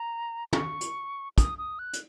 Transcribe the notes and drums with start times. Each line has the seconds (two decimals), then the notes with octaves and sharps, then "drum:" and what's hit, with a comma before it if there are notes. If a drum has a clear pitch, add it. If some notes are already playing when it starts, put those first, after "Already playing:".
Already playing: A#5
0.53 C#6, drum: tom
0.81 drum: hi-hat
1.38 D#6, drum: kick, hi-hat
1.58 D#6
1.79 F#6
1.93 drum: hi-hat